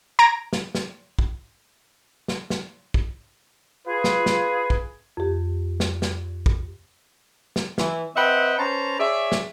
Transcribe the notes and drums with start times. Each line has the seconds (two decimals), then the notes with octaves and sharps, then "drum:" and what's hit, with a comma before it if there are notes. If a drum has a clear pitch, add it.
0.19 A#5 G#6 A#6 D7
0.53 drum: snare
0.75 drum: snare
1.19 drum: kick
2.28 drum: snare
2.50 drum: snare
2.94 drum: kick
3.87 F4 G#4 B4
4.04 drum: snare
4.26 drum: snare
4.70 drum: kick
5.17 F2 G4
5.80 drum: snare
6.02 drum: snare
6.46 drum: kick
7.56 drum: snare
7.78 E3, drum: snare
8.16 C4 B4 D#5 E5 F#5 G5
8.58 C#4 B4 C5 A5 A#5
8.99 G#4 C#5 D5 E5
9.32 drum: snare